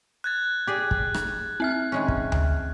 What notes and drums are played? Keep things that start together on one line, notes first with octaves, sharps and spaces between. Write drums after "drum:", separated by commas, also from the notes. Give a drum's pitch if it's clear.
F#6 G#6 A6
G4 G#4 D5
drum: kick
drum: rim click
C4 E5 F6
D#3 G#3 C#4
drum: kick
drum: tom D2